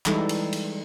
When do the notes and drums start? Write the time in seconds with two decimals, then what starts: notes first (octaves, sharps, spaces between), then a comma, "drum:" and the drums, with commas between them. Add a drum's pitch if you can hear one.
0.06 E3 G3 G#3 D#4 E4 A4, drum: clap
0.29 drum: cymbal
0.53 drum: cymbal